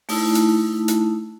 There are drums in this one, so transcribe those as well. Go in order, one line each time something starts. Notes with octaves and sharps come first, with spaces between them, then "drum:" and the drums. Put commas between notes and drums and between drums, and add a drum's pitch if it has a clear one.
A3 D#4 E4 A5, drum: open hi-hat
drum: hi-hat
drum: hi-hat